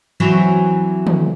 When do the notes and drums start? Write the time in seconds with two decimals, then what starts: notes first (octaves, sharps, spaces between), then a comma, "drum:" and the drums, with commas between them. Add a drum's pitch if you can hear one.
0.20 E3 F#3 C4
1.07 drum: tom